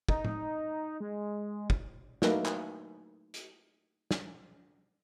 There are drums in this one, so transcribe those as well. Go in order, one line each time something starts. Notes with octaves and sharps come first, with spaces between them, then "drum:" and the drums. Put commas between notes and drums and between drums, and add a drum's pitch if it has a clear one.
D#4, drum: kick
drum: tom A2
G#3
drum: kick
F#3 A3 A#3 D#4 B4, drum: snare
drum: clap
drum: hi-hat
drum: snare